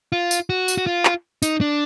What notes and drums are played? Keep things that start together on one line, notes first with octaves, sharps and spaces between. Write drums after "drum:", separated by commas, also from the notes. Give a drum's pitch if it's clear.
F4
drum: tambourine
F#4
drum: tambourine
F#4
F4
drum: clap
D#4, drum: tambourine
D4